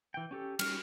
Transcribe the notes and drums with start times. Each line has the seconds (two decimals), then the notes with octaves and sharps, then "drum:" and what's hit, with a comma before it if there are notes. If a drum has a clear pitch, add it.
0.14 E3 G5
0.31 C#4 G4 A4
0.59 G3 C#4 D#4 F6, drum: cymbal